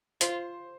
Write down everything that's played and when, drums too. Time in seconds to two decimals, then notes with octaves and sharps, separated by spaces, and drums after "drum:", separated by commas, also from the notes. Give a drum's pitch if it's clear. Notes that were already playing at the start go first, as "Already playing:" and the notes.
0.21 F4 C5, drum: hi-hat